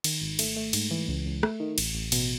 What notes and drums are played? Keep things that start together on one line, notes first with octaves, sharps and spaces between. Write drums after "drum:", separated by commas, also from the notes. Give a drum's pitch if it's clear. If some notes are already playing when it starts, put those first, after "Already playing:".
D#3, drum: cymbal
G#1
A3, drum: cymbal
A3
G#2, drum: cymbal
E3
C#2
C#2
A3, drum: rim click
D#3
A1, drum: cymbal
A1
B2, drum: cymbal